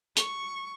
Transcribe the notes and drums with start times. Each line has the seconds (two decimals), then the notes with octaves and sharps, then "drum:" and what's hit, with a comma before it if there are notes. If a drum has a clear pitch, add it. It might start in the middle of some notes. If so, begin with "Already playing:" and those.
0.17 C#6, drum: hi-hat